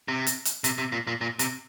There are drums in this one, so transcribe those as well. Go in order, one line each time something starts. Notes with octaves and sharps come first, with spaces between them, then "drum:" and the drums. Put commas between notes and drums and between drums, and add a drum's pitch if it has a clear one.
C3
drum: hi-hat
drum: hi-hat
C3, drum: hi-hat
C3
A#2
A#2
A#2
C3, drum: hi-hat